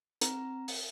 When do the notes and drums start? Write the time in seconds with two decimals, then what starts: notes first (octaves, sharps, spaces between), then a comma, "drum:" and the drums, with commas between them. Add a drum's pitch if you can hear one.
0.21 C4 A#5, drum: hi-hat
0.68 drum: open hi-hat